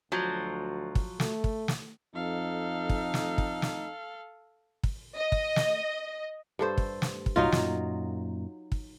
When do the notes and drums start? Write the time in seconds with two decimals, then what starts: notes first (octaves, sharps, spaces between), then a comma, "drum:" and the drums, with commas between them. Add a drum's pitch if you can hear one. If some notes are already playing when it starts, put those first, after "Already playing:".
0.12 D2 F3 F#3
0.95 drum: kick
1.20 A3, drum: snare
1.44 drum: kick
1.68 drum: snare
2.15 F2 D#4 A4 F5
2.89 drum: kick
3.14 drum: snare
3.38 drum: kick
3.62 drum: snare
4.84 drum: kick
5.16 D#5
5.32 drum: kick
5.56 drum: snare
6.59 G2 A4 C5
6.78 drum: kick
7.02 drum: snare
7.26 drum: kick
7.36 C2 G2 A#2 F#3 D#4 F4
7.52 F#2 A#2, drum: snare
8.72 drum: kick